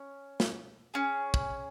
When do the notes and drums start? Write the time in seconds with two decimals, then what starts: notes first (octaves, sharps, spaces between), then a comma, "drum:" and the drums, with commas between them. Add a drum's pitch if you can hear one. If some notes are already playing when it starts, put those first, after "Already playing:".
Already playing: C#4
0.40 drum: snare
0.94 C#4 G#4
1.34 drum: kick